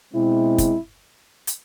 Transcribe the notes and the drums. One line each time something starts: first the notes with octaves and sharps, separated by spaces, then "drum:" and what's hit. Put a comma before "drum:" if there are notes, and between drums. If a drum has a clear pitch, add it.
B2 G#3 C4 E4
drum: kick, hi-hat
drum: hi-hat